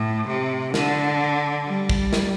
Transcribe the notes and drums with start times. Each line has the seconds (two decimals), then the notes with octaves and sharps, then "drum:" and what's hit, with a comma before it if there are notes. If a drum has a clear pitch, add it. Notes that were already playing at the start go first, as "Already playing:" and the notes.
Already playing: A2
0.28 C3
0.74 D3, drum: snare
1.66 G3
1.90 drum: kick
2.13 drum: snare